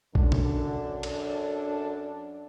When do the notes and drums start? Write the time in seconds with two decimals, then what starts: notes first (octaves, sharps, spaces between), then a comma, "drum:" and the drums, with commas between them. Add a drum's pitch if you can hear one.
0.15 F#2 D3 D4, drum: kick A#1
0.32 drum: tom B2
1.03 A4, drum: cymbal